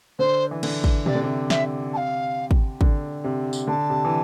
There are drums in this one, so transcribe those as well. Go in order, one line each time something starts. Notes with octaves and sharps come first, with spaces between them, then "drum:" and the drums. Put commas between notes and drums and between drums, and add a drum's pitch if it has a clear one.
D3 C5
E3
D3, drum: cymbal
drum: kick
C3 D5, drum: tom
D3
C3
E5, drum: snare
A5
F5
drum: kick
D3, drum: kick
C3
drum: tambourine
D3 A5
C3
E3